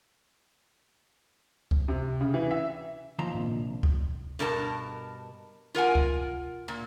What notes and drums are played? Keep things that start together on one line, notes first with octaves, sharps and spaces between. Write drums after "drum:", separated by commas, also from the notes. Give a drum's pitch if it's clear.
drum: kick C#2
C3
C#3
E3
E5
D#2 F3 A#5
A#1 C3
drum: kick C#2
G2 B2 A#4 A5
F4 A#4 F#5 G#5
drum: kick C#2
A#2